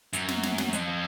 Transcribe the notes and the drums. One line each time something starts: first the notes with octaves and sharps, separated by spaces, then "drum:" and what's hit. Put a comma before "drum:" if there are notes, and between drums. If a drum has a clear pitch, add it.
F#2, drum: hi-hat
drum: snare
drum: snare
drum: snare
F2, drum: hi-hat